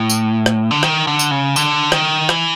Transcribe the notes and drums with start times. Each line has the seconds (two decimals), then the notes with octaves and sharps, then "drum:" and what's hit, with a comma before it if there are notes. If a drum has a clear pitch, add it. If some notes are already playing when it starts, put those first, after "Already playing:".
Already playing: A2
0.10 drum: tambourine
0.46 drum: rim click
0.71 D3
0.83 D#3, drum: rim click
1.07 D3
1.19 drum: tambourine
1.31 C#3
1.56 D3, drum: tambourine
1.92 D#3, drum: rim click
2.29 E3, drum: rim click